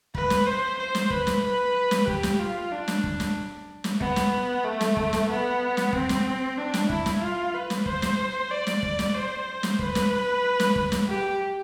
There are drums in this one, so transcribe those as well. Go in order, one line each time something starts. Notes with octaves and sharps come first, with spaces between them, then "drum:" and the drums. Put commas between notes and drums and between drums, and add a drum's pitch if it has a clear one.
B4, drum: kick
drum: snare
C5
C5
drum: snare
B4, drum: kick
drum: snare
B4
drum: snare
G4, drum: kick
drum: snare
F4
D4
drum: snare
drum: kick
drum: snare
drum: snare
B3, drum: kick
drum: snare
A3
drum: snare
drum: kick
drum: snare
B3
drum: snare
C4, drum: kick
drum: snare
D4
drum: snare
E4, drum: kick
drum: snare
F4
B4
drum: snare
C5, drum: kick
drum: snare
D5
drum: snare
drum: kick
drum: snare
C5
drum: snare
B4, drum: kick
drum: snare
drum: snare
drum: kick
drum: snare
G4